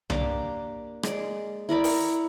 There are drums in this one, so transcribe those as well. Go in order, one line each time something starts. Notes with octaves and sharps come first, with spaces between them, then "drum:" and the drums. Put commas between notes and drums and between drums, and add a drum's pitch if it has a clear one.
A#3 D4 G4 D6, drum: tom C2
G#3 D5, drum: rim click
E4 A#4 D5 B5
drum: open hi-hat